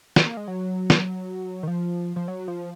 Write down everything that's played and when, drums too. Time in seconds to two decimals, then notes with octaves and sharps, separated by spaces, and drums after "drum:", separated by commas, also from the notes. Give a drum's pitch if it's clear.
0.16 B3, drum: snare
0.27 A#3
0.37 G#3
0.48 F#3
0.90 drum: snare
1.63 D#3
1.68 F3
2.16 F3
2.28 F#3
2.48 F3